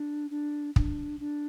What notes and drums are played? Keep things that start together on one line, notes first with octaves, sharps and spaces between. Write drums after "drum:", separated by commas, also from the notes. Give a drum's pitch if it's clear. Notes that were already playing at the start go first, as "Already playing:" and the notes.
Already playing: D4
D4
D4, drum: kick
D4